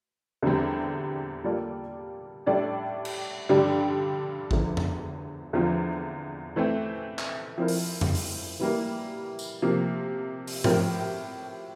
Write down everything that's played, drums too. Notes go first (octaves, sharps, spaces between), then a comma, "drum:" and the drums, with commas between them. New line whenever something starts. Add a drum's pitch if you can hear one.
E2 D3 G3 C4
G3 A#3 F4 A4 D5
A2 G3 D4 A4 D5
drum: cymbal
G2 D3 G3 D4 G4
E2 D3 F3, drum: kick A1
drum: tom F2
E2 D3 F3 C4 F4
E3 A3 C4
drum: clap
F3 C4 E4 A#4
drum: open hi-hat
drum: tom F2
drum: open hi-hat
E3 G3 A#3 E4
drum: tambourine
C3 F3 A#3
drum: open hi-hat
A2 F3 C4 G4 A#4, drum: tom G#2